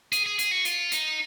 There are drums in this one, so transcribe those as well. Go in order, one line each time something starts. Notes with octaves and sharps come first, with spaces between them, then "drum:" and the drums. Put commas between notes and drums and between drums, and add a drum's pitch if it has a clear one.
G#4, drum: hi-hat
G#4
G#4, drum: hi-hat
F#4
F4, drum: hi-hat
D#4, drum: hi-hat